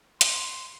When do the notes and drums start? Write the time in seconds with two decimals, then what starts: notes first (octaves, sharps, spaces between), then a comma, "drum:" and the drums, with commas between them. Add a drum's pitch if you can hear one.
0.21 C6, drum: hi-hat